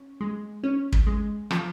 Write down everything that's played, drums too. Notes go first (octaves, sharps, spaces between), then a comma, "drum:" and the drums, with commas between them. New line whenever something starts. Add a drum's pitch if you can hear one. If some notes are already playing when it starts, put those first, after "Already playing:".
Already playing: C#4
G#3
C#4
drum: kick
G#3
F3, drum: rim click